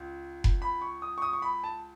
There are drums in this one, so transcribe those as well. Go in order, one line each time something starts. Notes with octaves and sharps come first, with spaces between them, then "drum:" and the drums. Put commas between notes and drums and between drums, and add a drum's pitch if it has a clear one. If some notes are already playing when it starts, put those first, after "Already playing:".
Already playing: C#2
drum: kick F1
B5
C#6
D#6
C#6
D#6
C#6
B5
A5